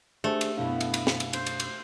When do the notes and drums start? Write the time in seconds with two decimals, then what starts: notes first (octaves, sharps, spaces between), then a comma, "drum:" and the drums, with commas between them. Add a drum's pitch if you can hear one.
0.24 A3 D4 G4 G#4 C5
0.41 drum: cymbal
0.57 F#2 B2 B3 D4 E4 F5
0.80 drum: cymbal
0.94 drum: cymbal
1.07 drum: snare
1.20 drum: cymbal
1.33 C5, drum: cymbal
1.46 drum: cymbal
1.60 drum: cymbal